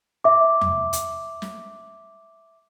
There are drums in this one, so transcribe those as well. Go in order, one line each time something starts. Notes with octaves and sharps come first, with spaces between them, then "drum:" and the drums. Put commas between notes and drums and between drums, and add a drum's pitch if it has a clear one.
E5 D6
drum: tom E2
drum: hi-hat
drum: snare